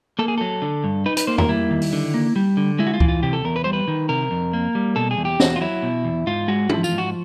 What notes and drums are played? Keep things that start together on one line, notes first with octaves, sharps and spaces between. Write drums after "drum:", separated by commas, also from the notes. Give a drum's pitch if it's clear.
A#3 A4
G#4
F#3 A4
D3
G2
D#4 B4
B4, drum: hi-hat
A#3 C5
A#4, drum: tom E2
G3 E4
D#3
drum: open hi-hat
D3
A#3
G3
D3
G#3 E4
F#4
F4
E3, drum: kick C#2
F4
C3 G4
A4
E2 A#4
B4
G3 C5
B4
D#3
C3 A#4
F2
A#3
G3
B2 A4
G#4
E2
G4
E2 F#4, drum: snare
F4
F#3 E4
B2
E2
G#2 F4
G#3 F#4
F3 E4, drum: tom E3
F4, drum: tambourine
G#2
F#4